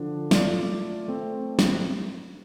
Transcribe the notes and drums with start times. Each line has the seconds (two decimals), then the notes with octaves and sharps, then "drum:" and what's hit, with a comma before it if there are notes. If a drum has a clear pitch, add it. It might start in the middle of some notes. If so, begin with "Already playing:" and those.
Already playing: D3 F3 D4
0.31 A3 F4 D5, drum: snare
1.08 A3 C4
1.59 drum: snare